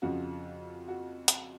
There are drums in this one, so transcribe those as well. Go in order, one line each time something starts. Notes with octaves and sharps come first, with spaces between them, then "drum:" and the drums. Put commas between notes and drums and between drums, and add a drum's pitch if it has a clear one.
F2 C#3 F3 F#4
F#4
drum: hi-hat